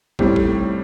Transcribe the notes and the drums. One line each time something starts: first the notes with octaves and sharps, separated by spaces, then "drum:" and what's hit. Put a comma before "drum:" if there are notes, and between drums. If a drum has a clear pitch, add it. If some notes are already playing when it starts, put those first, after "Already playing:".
A2 G3 C4, drum: kick
drum: kick